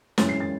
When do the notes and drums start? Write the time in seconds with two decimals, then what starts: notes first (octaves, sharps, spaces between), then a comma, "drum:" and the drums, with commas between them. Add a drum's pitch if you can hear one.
0.18 F#2 E3 G#3 C#4 E4 A6, drum: snare
0.29 C7
0.40 A6